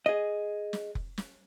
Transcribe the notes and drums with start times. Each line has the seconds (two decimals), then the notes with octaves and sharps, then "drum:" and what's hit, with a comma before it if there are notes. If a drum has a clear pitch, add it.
0.06 G#4 D#5
0.73 drum: snare
0.95 drum: kick F1
1.18 drum: snare